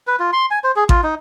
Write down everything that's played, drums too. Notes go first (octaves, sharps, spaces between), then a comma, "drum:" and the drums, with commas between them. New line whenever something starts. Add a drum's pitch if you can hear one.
B4
F4
C6
G#5
C5
G#4
F4, drum: kick A1
D#4